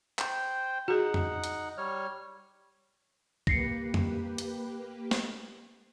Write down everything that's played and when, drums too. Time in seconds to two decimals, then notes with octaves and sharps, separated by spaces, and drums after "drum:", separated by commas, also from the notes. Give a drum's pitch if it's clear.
0.19 C5 G5, drum: clap
0.88 D#4 F#4 G#4 F#5
1.14 drum: tom F2
1.44 drum: hi-hat
1.78 G3 C#5 F6
3.47 A#3 G4 B4 A#6 C7 C#7, drum: kick
3.94 drum: tom F2
4.38 drum: hi-hat
5.11 drum: snare